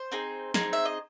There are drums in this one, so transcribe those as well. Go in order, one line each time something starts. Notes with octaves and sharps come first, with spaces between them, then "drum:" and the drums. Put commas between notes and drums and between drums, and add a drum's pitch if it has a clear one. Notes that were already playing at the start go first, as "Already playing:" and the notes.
Already playing: C5
C4 D#4 G#4
C4 D#4 G#4, drum: snare
E5
D#5